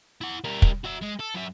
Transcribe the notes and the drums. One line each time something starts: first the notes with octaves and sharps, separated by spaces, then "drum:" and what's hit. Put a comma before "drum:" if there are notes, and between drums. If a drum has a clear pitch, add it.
E4 F#5
G3 A#4
drum: kick
F#4 E5
G#3
A4
F#2 E5